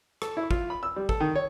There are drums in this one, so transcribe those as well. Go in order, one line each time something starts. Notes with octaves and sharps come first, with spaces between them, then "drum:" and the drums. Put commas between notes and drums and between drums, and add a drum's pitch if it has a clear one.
A4, drum: rim click
E4
F4, drum: kick
B5
E6
G3
A4, drum: kick
D#3
C#5